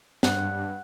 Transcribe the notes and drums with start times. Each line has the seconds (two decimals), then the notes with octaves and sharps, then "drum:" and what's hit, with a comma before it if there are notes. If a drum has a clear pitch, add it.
0.23 G2 F#5, drum: snare